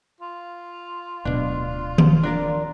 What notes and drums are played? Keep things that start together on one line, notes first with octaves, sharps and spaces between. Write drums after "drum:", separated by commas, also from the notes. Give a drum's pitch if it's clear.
F4
D1 B2 D4
drum: tom D#3
D4 A#4 D5